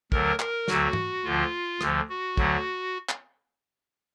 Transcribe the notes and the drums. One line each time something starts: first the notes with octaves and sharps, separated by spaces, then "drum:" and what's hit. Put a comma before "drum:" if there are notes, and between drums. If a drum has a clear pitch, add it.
D2 D3 F#3 A#4, drum: kick
A#4, drum: clap
D2 D3 F#3 F#4, drum: snare
drum: tom G#2
D2 D3 F3 F4
D2 D3 F3, drum: rim click
F#4
D2 D3 F#3, drum: kick
drum: clap